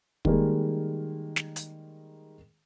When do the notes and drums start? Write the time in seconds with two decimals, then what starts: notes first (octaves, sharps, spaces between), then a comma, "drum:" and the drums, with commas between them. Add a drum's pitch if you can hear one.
0.25 D#3 G3 G#3 A#3, drum: kick
1.36 drum: snare
1.56 drum: hi-hat